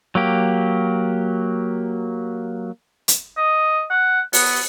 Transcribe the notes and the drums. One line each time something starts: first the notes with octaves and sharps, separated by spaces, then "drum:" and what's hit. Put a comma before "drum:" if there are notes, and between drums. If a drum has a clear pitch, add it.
F#3 A#3 G4
drum: hi-hat
D#5
F#5
B3, drum: open hi-hat